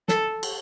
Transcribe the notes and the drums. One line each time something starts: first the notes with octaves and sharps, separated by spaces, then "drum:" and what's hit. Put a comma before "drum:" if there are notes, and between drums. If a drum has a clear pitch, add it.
A4, drum: snare
drum: cymbal